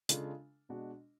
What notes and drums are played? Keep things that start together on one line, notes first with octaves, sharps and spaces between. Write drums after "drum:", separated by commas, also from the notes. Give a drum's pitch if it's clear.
C#3 G#3 D4 F4 A4, drum: hi-hat
B2 G#3 D4 F#4